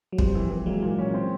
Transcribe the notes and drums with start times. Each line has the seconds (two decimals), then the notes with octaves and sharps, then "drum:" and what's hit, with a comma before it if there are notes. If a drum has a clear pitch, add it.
0.13 F#3
0.18 F3 G3 C4, drum: kick
0.35 E3
0.50 E3
0.66 F#3 G#3 A#3
0.82 A#2
0.98 C#4
1.14 C4